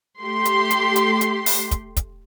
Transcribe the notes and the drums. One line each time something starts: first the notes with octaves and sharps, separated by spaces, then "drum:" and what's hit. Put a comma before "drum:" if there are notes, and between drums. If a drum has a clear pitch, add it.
A3 G4 C6
drum: hi-hat
drum: hi-hat
drum: hi-hat
drum: hi-hat
drum: open hi-hat
drum: kick, hi-hat
drum: kick, hi-hat